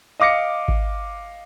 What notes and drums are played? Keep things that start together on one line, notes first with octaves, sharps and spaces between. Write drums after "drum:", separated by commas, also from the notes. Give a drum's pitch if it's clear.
D#5 F5 D6 A#6 C#7
drum: kick G#1